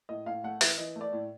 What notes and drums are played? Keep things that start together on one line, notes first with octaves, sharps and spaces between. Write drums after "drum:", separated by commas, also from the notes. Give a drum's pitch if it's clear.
A2 D#5
A2 F5
A3 F#5
E3 E5, drum: open hi-hat
E3 D#5
A3
D5
A2